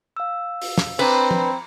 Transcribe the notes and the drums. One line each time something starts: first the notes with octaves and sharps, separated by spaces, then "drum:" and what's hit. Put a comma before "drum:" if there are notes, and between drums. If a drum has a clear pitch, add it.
F5 E6
drum: open hi-hat
drum: snare
C4 D4 B4 A#5 B5, drum: cymbal
drum: tom F3